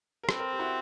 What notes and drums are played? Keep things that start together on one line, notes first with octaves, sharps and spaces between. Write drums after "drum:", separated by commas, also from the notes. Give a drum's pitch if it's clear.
A#4
C4 A4 B4, drum: rim click
A#4 C5
G4
E4 F#4